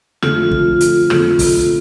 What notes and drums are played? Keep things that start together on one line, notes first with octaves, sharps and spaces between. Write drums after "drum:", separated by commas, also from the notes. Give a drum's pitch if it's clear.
F2 D3 F3 A3 F4, drum: rim click
drum: kick
drum: hi-hat
F2 D3 F3 A3, drum: rim click
drum: kick, open hi-hat